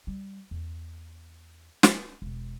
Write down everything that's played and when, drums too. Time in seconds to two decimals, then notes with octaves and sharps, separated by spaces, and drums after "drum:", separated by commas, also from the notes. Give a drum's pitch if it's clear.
0.07 G3
0.51 E2
1.83 drum: snare
2.22 E1